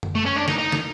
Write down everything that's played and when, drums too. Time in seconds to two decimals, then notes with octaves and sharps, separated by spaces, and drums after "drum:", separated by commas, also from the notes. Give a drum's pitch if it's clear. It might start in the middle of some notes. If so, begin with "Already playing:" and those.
0.03 drum: tom F#2
0.15 A3
0.25 C#4
0.36 D4
0.48 D#4, drum: snare
0.58 D#4
0.72 drum: snare